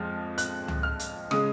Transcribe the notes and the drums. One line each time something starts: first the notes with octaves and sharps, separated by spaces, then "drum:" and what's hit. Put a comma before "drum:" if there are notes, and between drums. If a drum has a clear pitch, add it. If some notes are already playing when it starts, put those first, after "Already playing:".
Already playing: F2 F3 G#3 F6
F#6, drum: hi-hat
drum: tom C#2
F6
drum: hi-hat
C#3 G#3 D#6, drum: rim click